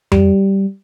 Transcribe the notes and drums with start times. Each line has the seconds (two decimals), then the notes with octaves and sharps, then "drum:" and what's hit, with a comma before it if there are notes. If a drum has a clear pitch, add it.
0.12 G3, drum: tom F2